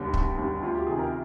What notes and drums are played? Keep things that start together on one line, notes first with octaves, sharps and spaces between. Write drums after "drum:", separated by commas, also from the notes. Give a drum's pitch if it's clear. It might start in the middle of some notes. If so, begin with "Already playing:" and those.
Already playing: F1 D#2 D3 G3 G4
F1, drum: kick
D#2 D3 G3
D2 F4
G4
C3 D#3 G#4
A#4